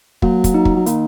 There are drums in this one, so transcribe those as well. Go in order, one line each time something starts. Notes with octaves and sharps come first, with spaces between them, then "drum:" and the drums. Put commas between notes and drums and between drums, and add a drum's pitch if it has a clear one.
F#3 A#3, drum: kick
drum: kick, hi-hat
D#4
drum: kick
F#3
D#3 A#3, drum: hi-hat